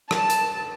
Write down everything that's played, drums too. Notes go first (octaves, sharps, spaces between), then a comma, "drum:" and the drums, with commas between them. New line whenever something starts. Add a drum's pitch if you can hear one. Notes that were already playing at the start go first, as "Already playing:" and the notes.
A5, drum: rim click
drum: hi-hat